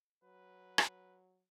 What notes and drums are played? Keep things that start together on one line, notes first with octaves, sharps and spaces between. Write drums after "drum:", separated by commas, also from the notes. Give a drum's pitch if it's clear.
F#3 B4
drum: rim click